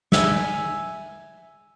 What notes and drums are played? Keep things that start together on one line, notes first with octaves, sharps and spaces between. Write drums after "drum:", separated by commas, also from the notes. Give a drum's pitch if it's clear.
E5 G#5, drum: snare